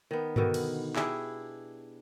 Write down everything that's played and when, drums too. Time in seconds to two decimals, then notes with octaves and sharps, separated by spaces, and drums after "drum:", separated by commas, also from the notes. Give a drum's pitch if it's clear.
0.11 D#3 B3
0.36 B2 D3 D#3, drum: tom G2
0.54 drum: cymbal
0.96 D4 E4 G4 G#4, drum: clap